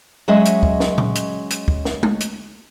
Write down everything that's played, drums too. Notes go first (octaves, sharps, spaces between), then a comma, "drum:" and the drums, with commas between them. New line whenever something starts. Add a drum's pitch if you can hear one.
F#3 G#3 C#4 D#5 E5
drum: hi-hat
drum: kick
drum: snare
drum: tom A#2
drum: hi-hat
drum: hi-hat
drum: kick
drum: snare
drum: tom
drum: hi-hat